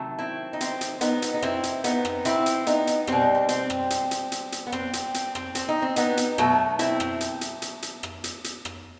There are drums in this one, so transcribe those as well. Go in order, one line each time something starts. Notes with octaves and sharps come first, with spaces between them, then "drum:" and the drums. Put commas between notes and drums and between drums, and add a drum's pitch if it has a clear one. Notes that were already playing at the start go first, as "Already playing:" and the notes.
Already playing: C3 D#3 F#3 A3
C4 E4
D#4
C4, drum: hi-hat
drum: hi-hat
B3 D#4, drum: hi-hat
drum: hi-hat
D#4
C4 E4, drum: rim click
drum: hi-hat
B3 D#4, drum: hi-hat
drum: rim click
C4 E4, drum: hi-hat
drum: hi-hat
B3 D#4, drum: hi-hat
drum: hi-hat
B2 G3 C4, drum: rim click
D#4
C4
C4, drum: hi-hat
drum: rim click
drum: hi-hat
drum: hi-hat
drum: hi-hat
drum: hi-hat
B3
C4, drum: rim click
C4, drum: hi-hat
C4, drum: hi-hat
C4, drum: rim click
C4, drum: hi-hat
D#4
C4
B3 D#4, drum: hi-hat
drum: hi-hat
B2 F#3 A3, drum: rim click
C4 E4, drum: hi-hat
drum: rim click
drum: hi-hat
drum: hi-hat
drum: hi-hat
drum: hi-hat
drum: rim click
drum: hi-hat
drum: hi-hat
drum: rim click